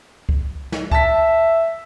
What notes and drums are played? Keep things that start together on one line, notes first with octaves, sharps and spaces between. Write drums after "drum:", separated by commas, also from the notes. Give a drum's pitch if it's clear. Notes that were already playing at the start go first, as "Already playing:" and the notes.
drum: kick C#2
drum: snare
E5 A5 B6, drum: kick C#2